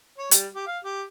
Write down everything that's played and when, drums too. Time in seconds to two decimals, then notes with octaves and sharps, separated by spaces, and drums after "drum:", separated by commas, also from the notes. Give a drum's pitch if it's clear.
0.18 C#5
0.31 G3, drum: hi-hat
0.55 G4
0.67 F5
0.84 G4